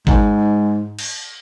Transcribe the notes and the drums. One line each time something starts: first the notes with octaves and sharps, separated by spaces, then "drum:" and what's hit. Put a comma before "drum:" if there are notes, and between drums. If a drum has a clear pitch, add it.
G#2, drum: kick
drum: cymbal